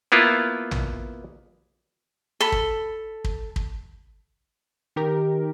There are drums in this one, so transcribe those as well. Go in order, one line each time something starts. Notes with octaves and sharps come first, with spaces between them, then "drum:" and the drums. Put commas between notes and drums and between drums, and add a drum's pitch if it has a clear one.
A#3 B3 E4 F4
drum: tom
A4 B5
drum: kick
drum: kick
drum: kick
D#3 G4 A#4